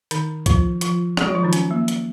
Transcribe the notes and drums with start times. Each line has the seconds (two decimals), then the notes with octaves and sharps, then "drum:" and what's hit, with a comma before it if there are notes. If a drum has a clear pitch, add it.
0.11 D#3 D#4, drum: hi-hat
0.46 F3 F4, drum: kick C2, hi-hat
0.81 F3 F4, drum: hi-hat
1.17 G#3 G#4, drum: rim click
1.26 F#3 F#4
1.35 F3 F4
1.43 D#3 D#4
1.53 C#4, drum: hi-hat
1.71 A#3
1.88 drum: hi-hat